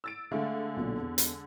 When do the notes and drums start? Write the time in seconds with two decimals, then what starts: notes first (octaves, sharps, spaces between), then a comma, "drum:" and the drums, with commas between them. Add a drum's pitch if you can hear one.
0.04 E6 A6 D7
0.31 D3 G#3 A3 A4 E5 F5
0.77 B1 A#2
1.01 E2
1.18 drum: hi-hat